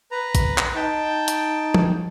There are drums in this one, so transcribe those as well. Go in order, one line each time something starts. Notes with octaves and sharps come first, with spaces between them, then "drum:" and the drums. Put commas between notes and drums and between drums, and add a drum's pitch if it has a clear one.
B4 A#5
drum: kick A#1, hi-hat
drum: clap
D#4 G5 A5
drum: hi-hat
drum: tom F3